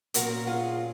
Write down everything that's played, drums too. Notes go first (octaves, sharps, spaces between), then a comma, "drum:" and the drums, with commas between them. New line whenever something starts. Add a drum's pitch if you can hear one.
A#2 F#3 C#4 F#4 A#4, drum: hi-hat
F4 G#4